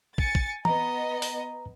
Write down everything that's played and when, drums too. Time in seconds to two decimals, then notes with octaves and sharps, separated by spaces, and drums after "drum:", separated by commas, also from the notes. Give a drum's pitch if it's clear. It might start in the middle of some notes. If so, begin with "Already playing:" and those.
0.18 G#5 A6 C#7, drum: kick
0.35 drum: kick
0.65 B3 D#5 A#5, drum: tom E3
1.22 drum: open hi-hat